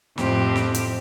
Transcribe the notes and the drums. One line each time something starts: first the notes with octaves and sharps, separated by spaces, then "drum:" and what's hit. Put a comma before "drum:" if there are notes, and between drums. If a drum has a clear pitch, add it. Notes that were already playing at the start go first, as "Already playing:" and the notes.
F2 A2 F3 C4 G4, drum: snare
drum: snare
drum: hi-hat